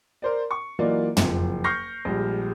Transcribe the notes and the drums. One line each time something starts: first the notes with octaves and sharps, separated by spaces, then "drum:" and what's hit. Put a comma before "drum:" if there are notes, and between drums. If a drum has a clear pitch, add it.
A#4 C5 D5
C#6
E3 F#3 A#3 F4 D5 D#5
F#1 F2 F3, drum: tom
C#6 F6 G6 A#6 C7
A#1 G3 G#3